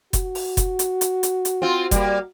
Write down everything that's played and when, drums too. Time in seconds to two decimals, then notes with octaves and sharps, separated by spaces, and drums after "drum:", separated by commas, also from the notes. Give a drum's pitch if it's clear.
0.13 F#4, drum: kick F1, hi-hat
0.35 drum: open hi-hat
0.57 drum: kick F1, hi-hat
0.79 drum: hi-hat
1.01 drum: hi-hat
1.23 drum: hi-hat
1.45 drum: hi-hat
1.62 C4 F4
1.91 G3 A#3, drum: kick F1, hi-hat